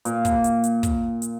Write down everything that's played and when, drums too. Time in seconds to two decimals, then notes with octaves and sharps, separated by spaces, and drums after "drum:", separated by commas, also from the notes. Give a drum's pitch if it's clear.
0.05 A#2, drum: hi-hat
0.25 drum: kick, hi-hat
0.44 drum: hi-hat
0.64 drum: hi-hat
0.83 drum: kick, hi-hat
1.22 drum: hi-hat